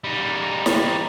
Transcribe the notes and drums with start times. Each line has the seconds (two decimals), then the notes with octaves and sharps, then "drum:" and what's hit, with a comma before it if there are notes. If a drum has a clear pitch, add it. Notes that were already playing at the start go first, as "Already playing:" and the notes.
0.04 G3 D#4
0.66 drum: snare